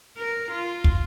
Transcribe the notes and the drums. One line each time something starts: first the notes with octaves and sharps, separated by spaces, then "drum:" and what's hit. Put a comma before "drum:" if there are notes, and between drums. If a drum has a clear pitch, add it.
A#4
F4
drum: kick